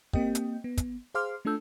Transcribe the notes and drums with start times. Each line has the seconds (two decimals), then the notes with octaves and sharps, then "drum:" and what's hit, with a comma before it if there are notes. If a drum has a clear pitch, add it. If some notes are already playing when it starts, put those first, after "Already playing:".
0.13 A#3 C4 G4 D#5 G5, drum: kick
0.35 drum: hi-hat
0.64 B3
0.78 drum: kick, hi-hat
1.14 G#4 C5 F5 C6 D6 F6
1.45 A3 D4 F4 A4 E6 G6